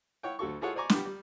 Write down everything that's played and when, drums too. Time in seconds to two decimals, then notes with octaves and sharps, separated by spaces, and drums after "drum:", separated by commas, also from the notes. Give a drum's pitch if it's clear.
0.23 E4 C#5 F#5 G5
0.39 D2 F#3 A4 C#6
0.61 E4 F4 G#4 A4 C#5 F#5
0.75 C5 D5 G#5 A#5 C#6 D6
0.90 B3 G4, drum: snare
1.05 G3